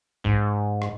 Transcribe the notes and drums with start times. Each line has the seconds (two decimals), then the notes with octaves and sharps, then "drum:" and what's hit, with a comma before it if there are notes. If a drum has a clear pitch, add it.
0.24 G#2, drum: kick A#1
0.82 drum: rim click